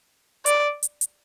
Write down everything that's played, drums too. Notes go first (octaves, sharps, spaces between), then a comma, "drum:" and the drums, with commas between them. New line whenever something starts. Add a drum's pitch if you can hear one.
D5, drum: hi-hat
drum: hi-hat
drum: hi-hat